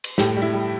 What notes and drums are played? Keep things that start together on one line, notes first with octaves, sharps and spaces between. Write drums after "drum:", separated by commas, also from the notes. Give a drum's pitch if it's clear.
drum: cymbal
A2 G4, drum: snare
G3
E4
G3